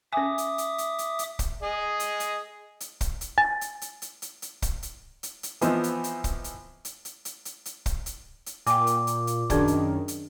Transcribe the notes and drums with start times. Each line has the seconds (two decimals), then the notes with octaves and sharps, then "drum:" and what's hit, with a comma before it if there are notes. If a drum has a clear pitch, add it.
0.13 C#4 E5 G#5 D6 D#6
0.38 drum: hi-hat
0.58 drum: hi-hat
0.78 drum: hi-hat
0.99 drum: hi-hat
1.19 drum: hi-hat
1.39 drum: kick, hi-hat
1.62 G#4 D#5
2.00 drum: hi-hat
2.20 drum: hi-hat
2.80 drum: hi-hat
3.01 drum: kick, hi-hat
3.21 drum: hi-hat
3.38 G#5 A6
3.61 drum: hi-hat
3.81 drum: hi-hat
4.02 drum: hi-hat
4.22 drum: hi-hat
4.42 drum: hi-hat
4.62 drum: kick, hi-hat
4.83 drum: hi-hat
5.23 drum: hi-hat
5.43 drum: hi-hat
5.61 E3 F3 B3 C4 D#4, drum: hi-hat
5.84 drum: hi-hat
6.04 drum: hi-hat
6.24 drum: kick, hi-hat
6.44 drum: hi-hat
6.85 drum: hi-hat
7.05 drum: hi-hat
7.25 drum: hi-hat
7.45 drum: hi-hat
7.65 drum: hi-hat
7.86 drum: kick, hi-hat
8.06 drum: hi-hat
8.46 drum: hi-hat
8.67 A#2 G5 G#5 D6, drum: hi-hat
8.87 drum: hi-hat
9.07 drum: hi-hat
9.27 drum: hi-hat
9.50 F#2 D#3 D4 G#4 D5, drum: kick, hi-hat
9.68 drum: hi-hat
10.08 drum: hi-hat